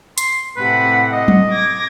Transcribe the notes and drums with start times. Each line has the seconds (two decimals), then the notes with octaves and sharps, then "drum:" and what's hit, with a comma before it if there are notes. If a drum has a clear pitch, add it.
0.18 C6, drum: hi-hat
0.57 A2 C3 B4 F#5
1.13 D#5
1.28 drum: tom F#3
1.48 D6 G#6 A#6